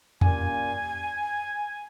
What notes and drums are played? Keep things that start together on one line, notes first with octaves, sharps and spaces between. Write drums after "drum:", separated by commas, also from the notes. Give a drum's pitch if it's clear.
A#2 G3 A#3 C#4 G#5, drum: tom E2